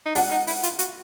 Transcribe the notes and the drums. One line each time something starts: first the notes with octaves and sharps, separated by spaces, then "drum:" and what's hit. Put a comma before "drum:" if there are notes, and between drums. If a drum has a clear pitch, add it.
D#4
D4 F#5, drum: open hi-hat
D#4
E4, drum: open hi-hat
F4, drum: hi-hat
F#4, drum: hi-hat